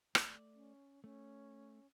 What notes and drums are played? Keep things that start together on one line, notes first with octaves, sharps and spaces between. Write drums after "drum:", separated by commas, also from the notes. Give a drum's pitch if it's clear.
A3 D5, drum: rim click
C#4
A3 C#4